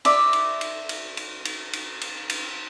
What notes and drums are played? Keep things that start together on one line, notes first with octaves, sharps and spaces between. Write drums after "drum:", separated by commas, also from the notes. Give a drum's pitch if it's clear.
D5 E5 C6, drum: cymbal
drum: cymbal
drum: cymbal
drum: cymbal
drum: cymbal
drum: cymbal
drum: cymbal
drum: cymbal
drum: cymbal